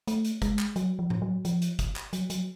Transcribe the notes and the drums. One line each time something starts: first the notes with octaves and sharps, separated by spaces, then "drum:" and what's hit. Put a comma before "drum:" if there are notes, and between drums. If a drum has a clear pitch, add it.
A3, drum: hi-hat
drum: hi-hat
G#3, drum: kick, hi-hat
drum: clap
F#3, drum: hi-hat
F3
drum: tom A2
F#3
F3, drum: hi-hat
drum: hi-hat
drum: kick, hi-hat
drum: clap
F#3, drum: hi-hat
F#3, drum: hi-hat